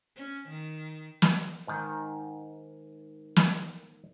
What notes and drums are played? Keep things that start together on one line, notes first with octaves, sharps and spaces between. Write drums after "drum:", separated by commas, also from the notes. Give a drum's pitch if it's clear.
C#4
D#3
drum: snare
G#2 D#3
drum: snare